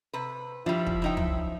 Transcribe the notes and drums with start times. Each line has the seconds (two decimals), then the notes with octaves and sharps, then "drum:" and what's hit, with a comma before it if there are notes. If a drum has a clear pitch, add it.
0.13 C3 B4
0.66 F3 G3 D4 E4
0.87 drum: kick
1.02 C#3 D#4 G5
1.17 drum: tom